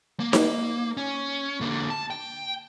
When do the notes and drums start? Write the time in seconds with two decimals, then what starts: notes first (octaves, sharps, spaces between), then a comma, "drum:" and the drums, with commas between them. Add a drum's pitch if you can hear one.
0.20 A#3
0.33 A#3, drum: snare D#4
0.97 C#4
1.61 D3 A#3
1.90 A5
2.10 G5